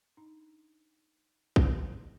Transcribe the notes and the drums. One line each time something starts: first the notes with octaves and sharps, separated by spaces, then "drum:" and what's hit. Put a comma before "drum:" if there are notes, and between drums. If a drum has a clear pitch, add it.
D4 D#4 A#5
drum: kick